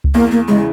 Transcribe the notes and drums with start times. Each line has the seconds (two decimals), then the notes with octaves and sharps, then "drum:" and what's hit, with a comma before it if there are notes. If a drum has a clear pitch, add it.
0.04 drum: kick C#2
0.14 E2 A#3
0.31 A#3
0.48 C#3 E3 G#3